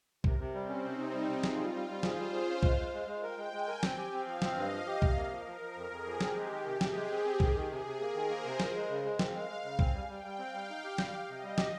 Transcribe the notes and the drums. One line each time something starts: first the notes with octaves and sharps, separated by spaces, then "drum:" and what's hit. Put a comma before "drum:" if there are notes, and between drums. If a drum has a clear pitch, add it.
C3 A#4, drum: kick B1
C3
G3 C4
C#4
C3 D#4
C3
G3
C3
F4 G#4, drum: snare
G3
G3
G3
G#4 C5, drum: snare
G3
G#4 F5
C#4
G#3, drum: kick B1
G#3
G#3
G#3
A#4 G5
G#3
G#3 G#5
A#4
C4 G5, drum: snare
G4
C4 F5
F3
C4 D#5, drum: snare
G2
F3
G4
C3 F5, drum: kick B1
A#3
F3 A#4
F3
F3 A#4
F2
F2 G#4
F3
C4 G4, drum: snare
G#3
D#3
C3
C3 G#4, drum: snare
G#3
C4
C4
D#3 A#4, drum: kick B1
D#3
C3 G#4
C3
A#3 A#4
D#3
A#3 C5
C3
F4 D#5, drum: snare
G#3
C#3
G#3
C4 F5, drum: snare
G#3
G#3
C#3
C4 G#5, drum: kick B1
G3
G3 G5
G3
C4 F5
G3
D#4
G4
G3 F5, drum: snare
G4
C3 D#5
G3
G4, drum: snare